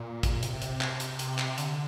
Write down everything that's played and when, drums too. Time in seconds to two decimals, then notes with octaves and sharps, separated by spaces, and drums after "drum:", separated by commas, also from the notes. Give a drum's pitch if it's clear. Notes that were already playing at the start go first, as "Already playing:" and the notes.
Already playing: A#2
0.23 drum: kick, hi-hat
0.43 C3, drum: hi-hat
0.62 drum: hi-hat
0.81 drum: clap
1.00 drum: hi-hat
1.19 drum: hi-hat
1.38 drum: clap
1.58 D3, drum: hi-hat